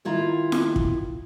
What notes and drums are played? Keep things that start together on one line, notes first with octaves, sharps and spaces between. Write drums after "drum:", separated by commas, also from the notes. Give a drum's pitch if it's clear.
D#3 E4 F4 F5 A#5
drum: snare
drum: kick